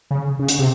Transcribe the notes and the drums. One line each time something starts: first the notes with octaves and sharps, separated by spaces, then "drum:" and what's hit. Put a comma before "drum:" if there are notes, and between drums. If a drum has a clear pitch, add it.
C#3
C#3
drum: hi-hat
C3